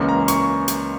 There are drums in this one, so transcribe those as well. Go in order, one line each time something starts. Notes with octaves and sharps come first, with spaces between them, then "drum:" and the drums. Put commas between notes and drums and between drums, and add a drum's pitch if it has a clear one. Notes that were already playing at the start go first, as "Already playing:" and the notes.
Already playing: C#2 C#3 E3 A#3 C#4
A#5
C#6, drum: hi-hat
drum: hi-hat